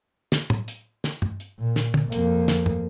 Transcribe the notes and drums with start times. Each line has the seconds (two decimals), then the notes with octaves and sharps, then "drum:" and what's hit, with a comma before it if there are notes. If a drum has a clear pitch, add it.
0.32 drum: snare
0.50 drum: tom
0.68 drum: hi-hat
1.04 drum: snare
1.22 drum: tom
1.40 drum: hi-hat
1.60 A#2
1.76 drum: snare
1.94 drum: tom
2.12 F2 A#3, drum: hi-hat
2.48 drum: snare
2.66 drum: tom